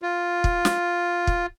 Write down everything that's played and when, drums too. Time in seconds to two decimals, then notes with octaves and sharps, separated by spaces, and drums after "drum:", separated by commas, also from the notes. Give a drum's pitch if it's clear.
0.02 F4
0.44 drum: kick
0.65 drum: snare
1.27 drum: kick